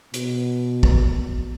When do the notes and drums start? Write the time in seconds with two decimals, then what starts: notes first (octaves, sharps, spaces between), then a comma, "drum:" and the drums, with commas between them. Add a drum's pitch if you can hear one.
0.14 B2, drum: hi-hat
0.83 drum: kick